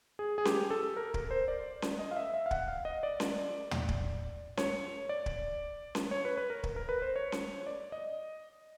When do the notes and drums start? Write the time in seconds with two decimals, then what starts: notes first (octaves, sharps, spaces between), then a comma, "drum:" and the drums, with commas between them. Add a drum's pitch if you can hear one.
0.19 G#4
0.38 G#4
0.45 G4, drum: snare C#4
0.70 A4
0.97 A#4
1.14 A#4, drum: kick
1.31 C5
1.48 D5
1.82 drum: snare C#4
1.99 D#5
2.11 F5
2.17 E5
2.34 E5
2.46 F5
2.51 F#5, drum: kick
2.68 F5
2.85 D#5
3.03 D5
3.20 drum: snare C#4
3.71 drum: tom
3.89 drum: kick
4.57 C#5, drum: snare C#4
5.09 D5
5.26 drum: kick
5.95 drum: snare C#4
6.11 C#5
6.25 B4
6.38 B4
6.50 A#4
6.63 drum: kick
6.76 A#4
6.89 B4
7.02 C5
7.16 C#5
7.32 drum: snare C#4
7.67 D5
7.92 D#5